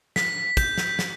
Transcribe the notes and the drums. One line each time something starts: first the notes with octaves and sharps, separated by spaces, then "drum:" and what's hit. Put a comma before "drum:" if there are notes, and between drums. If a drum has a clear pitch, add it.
B6, drum: snare
G6, drum: kick, hi-hat
drum: snare
G6, drum: snare